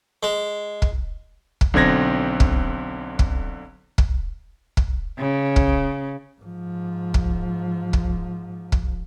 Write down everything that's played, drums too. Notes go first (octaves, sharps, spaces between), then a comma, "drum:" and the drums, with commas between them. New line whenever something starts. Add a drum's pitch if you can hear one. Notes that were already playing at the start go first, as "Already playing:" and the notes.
G#3
drum: kick
drum: kick
B1 D3 C4 G#6 A#6
drum: kick
drum: kick
drum: kick
drum: kick
C#3
drum: kick
G#2 F3
drum: kick
drum: kick
drum: kick